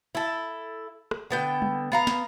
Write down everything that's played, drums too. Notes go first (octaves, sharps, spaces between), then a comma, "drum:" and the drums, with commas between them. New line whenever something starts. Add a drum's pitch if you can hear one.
E4 A4
drum: rim click
D3 B3 G5
drum: tom G3
B3 F5 A#5
drum: snare